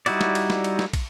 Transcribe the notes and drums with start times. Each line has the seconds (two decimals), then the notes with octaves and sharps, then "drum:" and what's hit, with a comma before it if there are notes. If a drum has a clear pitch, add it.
0.06 G3 D#4 E4 F#4 D5, drum: cymbal
0.21 drum: snare
0.35 drum: cymbal
0.50 drum: snare
0.64 drum: cymbal
0.79 drum: snare
0.93 drum: kick, cymbal